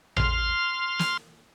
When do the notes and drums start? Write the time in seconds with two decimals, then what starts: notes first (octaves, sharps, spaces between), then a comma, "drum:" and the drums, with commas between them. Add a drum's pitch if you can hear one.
0.17 C6 F6, drum: tom A1
0.99 drum: snare